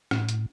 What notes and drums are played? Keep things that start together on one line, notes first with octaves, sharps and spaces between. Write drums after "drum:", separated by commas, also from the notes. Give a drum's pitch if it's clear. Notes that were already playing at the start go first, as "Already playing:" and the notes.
A2, drum: rim click
drum: hi-hat